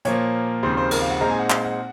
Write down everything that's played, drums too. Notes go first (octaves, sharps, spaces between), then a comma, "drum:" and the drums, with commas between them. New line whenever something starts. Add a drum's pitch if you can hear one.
A#2 F3 A#3 C#5, drum: hi-hat
D#2 C#3 F3 C4 C5
C5
A#4, drum: cymbal
F5
F#5
A#2 G#3 C4 D#4 A#5
G#5
F#5
F5, drum: clap
F#5